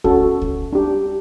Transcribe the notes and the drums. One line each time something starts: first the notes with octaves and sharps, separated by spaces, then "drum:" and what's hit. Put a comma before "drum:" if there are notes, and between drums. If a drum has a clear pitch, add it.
C#4 F#4 A4, drum: kick C#2
drum: kick C#2
D4 G4